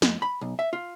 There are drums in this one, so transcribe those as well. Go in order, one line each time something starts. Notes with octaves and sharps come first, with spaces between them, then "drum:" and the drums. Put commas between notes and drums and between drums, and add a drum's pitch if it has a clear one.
F2, drum: snare
B5
B1
E5
F4